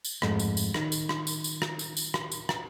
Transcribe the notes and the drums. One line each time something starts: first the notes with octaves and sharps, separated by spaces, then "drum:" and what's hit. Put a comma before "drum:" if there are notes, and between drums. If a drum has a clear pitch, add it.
drum: tambourine
F2 G#2 A3, drum: rim click
drum: tambourine
drum: tambourine
D#3, drum: rim click
drum: tambourine
drum: rim click
drum: tambourine
drum: tambourine
drum: rim click
drum: tambourine
drum: tambourine
drum: rim click
drum: tambourine
drum: rim click